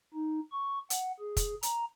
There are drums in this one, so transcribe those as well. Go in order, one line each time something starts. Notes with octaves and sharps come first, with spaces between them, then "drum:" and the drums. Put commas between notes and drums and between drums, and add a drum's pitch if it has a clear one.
D#4
C#6
F#5, drum: hi-hat
G#4
drum: kick, hi-hat
A#5, drum: hi-hat